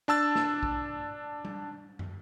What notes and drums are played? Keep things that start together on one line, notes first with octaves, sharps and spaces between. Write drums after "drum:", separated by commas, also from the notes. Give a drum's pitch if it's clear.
D4 A5 E6 A6
drum: snare
drum: kick A#1
drum: tom G3
drum: tom